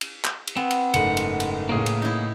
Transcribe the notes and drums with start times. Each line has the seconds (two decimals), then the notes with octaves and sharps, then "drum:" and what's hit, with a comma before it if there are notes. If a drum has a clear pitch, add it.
0.01 drum: cymbal
0.24 drum: clap
0.47 drum: cymbal
0.56 B3 C4
0.71 drum: cymbal
0.94 F#1 G#2 A3 F#5, drum: cymbal
1.17 drum: cymbal
1.40 drum: cymbal
1.69 A2 C#3 A#3 G#4
1.86 drum: cymbal
2.02 D#4 E4